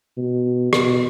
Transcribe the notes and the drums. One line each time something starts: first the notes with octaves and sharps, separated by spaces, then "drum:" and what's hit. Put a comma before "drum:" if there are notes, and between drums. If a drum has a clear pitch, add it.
B2
B2, drum: rim click